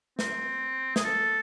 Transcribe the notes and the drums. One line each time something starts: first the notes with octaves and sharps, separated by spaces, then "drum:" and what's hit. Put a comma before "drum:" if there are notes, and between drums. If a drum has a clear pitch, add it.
C4, drum: snare
G#4, drum: snare
A4